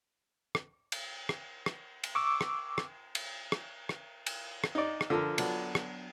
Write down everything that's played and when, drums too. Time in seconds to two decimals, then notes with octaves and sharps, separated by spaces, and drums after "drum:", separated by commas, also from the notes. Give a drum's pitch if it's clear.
0.55 drum: rim click
0.92 drum: cymbal
1.29 drum: rim click
1.66 drum: rim click
2.04 drum: cymbal
2.15 C#6 D6 E6
2.41 drum: rim click
2.78 drum: rim click
3.15 drum: cymbal
3.52 drum: rim click
3.89 drum: rim click
4.26 drum: cymbal
4.64 drum: rim click
4.75 D#4 D5
5.01 drum: rim click
5.10 D3 F3 A#4
5.38 F#3 B3 D4, drum: cymbal
5.75 drum: rim click